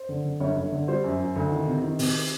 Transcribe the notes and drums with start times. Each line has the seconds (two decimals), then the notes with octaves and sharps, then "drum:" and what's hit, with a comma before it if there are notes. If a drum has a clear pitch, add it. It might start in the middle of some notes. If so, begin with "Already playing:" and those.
Already playing: C5
0.09 D3
0.25 D3
0.40 G1 C#5
0.56 G1
0.72 D3
0.88 G3 C5
1.04 F#2
1.20 F#2
1.36 D2
1.52 D#3
1.67 C3
1.83 D#3
1.99 C3, drum: open hi-hat